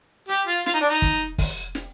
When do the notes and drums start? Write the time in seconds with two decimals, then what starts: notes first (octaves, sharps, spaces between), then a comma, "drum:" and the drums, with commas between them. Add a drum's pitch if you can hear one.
0.29 G4, drum: hi-hat
0.47 F4
0.66 F4, drum: snare
0.74 D#4
0.81 D4
0.89 D#4
1.02 drum: kick, hi-hat
1.38 drum: kick, open hi-hat
1.75 drum: snare